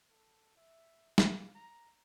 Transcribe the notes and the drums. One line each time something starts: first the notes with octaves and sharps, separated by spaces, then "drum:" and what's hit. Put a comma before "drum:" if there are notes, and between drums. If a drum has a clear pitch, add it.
A4
E5
F5, drum: snare
A#5